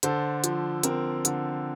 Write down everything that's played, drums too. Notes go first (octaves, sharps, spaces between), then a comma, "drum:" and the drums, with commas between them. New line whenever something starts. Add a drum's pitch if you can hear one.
D3 A4 C5, drum: hi-hat
F3, drum: hi-hat
C4 A#4, drum: hi-hat
D3, drum: hi-hat